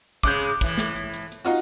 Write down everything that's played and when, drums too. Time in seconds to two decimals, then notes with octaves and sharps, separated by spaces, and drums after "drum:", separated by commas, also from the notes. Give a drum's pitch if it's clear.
0.23 C#3 G#3 D6 F#6 G6, drum: kick, hi-hat
0.42 drum: hi-hat
0.61 A2 E3, drum: kick, hi-hat
0.78 drum: snare
0.96 drum: hi-hat
1.14 drum: hi-hat
1.32 drum: hi-hat
1.45 D#4 F4 F#4